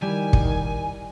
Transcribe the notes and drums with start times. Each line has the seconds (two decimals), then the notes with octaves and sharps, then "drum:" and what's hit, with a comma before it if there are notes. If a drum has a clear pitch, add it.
0.02 D#3 G3 E4 G#5 E7
0.33 drum: kick